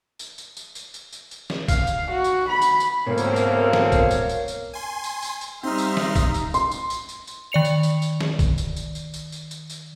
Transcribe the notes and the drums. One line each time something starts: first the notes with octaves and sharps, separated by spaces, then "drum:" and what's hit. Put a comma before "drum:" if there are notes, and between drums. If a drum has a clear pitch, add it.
drum: tambourine
drum: tambourine
drum: tambourine
drum: tambourine
drum: tambourine
drum: tambourine
drum: tambourine
drum: snare
F5, drum: kick, tambourine
drum: tambourine
F#4
drum: tambourine
B5
drum: tambourine
drum: tambourine
D2 G#2 B2 A#3 C4 A#4 C#5 F5
drum: tambourine
drum: tambourine
drum: snare
drum: kick, tambourine
drum: tambourine
drum: tambourine
drum: tambourine
G#5 C6
drum: tambourine
drum: tambourine
drum: tambourine
G3 C4 D#4 E5 F5 C6 F6
drum: tambourine
drum: snare
drum: kick, tambourine
drum: tambourine
C6, drum: tambourine
drum: tambourine
drum: tambourine
drum: tambourine
drum: tambourine
D#3 D5 C#7 F7
drum: tambourine
drum: tambourine
drum: tambourine
drum: snare
drum: kick, tambourine
drum: tambourine
drum: tambourine
drum: tambourine
drum: tambourine
drum: tambourine
drum: tambourine
drum: tambourine